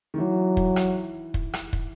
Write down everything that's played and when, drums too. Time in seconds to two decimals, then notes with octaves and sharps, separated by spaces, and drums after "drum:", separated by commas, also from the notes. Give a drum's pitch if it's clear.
0.14 D#3
0.18 E3 F#3
0.57 drum: kick
0.76 drum: rim click
1.34 drum: kick
1.53 drum: rim click
1.73 drum: kick